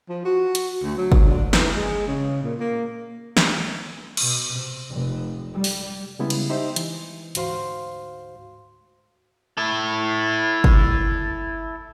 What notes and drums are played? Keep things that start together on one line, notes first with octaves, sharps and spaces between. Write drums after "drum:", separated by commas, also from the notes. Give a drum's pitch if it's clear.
F3
F#4
drum: hi-hat
D2
F#3
drum: kick
D3
E3, drum: snare
G#3
C#3
A#2
A#3
drum: snare
B2, drum: cymbal
C3
F1
G3
drum: open hi-hat
C#3 G3 G#3 B3 E4
drum: cymbal
D#4 G4 C5 D#5 E5
E3, drum: hi-hat
D2 G#2 F#4 C5 F5 C6, drum: hi-hat
E4 A4
drum: kick